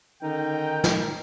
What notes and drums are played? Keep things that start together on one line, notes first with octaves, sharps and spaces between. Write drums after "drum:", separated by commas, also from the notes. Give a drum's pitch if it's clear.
D3 D#3 C#4 D#4 G5
drum: snare